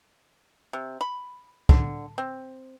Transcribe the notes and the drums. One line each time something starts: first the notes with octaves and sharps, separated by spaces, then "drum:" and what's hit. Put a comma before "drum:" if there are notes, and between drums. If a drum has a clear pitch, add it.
C3
B5
D3, drum: kick
C4